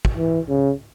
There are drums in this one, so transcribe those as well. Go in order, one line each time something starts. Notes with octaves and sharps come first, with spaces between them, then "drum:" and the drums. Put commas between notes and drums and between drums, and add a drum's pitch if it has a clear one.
drum: kick
E3
C#3